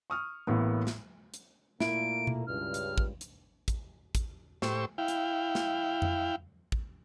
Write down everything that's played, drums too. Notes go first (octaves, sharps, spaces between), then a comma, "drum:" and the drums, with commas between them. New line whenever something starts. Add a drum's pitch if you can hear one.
C#6 D#6 F6
A1 A2 A#3 B3
drum: snare
drum: hi-hat
A#2 A3 A#3 E4 D7, drum: snare
drum: tom B2
C#2 G2 F6
drum: hi-hat
drum: kick
drum: hi-hat
drum: kick, hi-hat
drum: kick, hi-hat
A2 G4 C5 C#6 E6, drum: snare
E4 F5 G5
drum: hi-hat
drum: snare
drum: tom F2
drum: kick